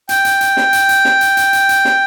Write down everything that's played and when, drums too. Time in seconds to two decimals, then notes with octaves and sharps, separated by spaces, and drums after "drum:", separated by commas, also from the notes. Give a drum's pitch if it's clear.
0.09 G5, drum: hi-hat
0.25 drum: hi-hat
0.41 drum: hi-hat
0.57 drum: snare
0.73 drum: hi-hat
0.89 drum: hi-hat
1.05 drum: snare
1.21 drum: hi-hat
1.37 drum: hi-hat
1.53 drum: hi-hat
1.69 drum: hi-hat
1.85 drum: snare